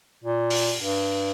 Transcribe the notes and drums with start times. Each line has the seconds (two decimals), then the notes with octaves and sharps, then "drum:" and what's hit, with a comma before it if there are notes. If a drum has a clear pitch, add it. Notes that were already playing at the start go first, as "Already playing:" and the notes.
0.24 A#2
0.50 drum: open hi-hat
0.80 G2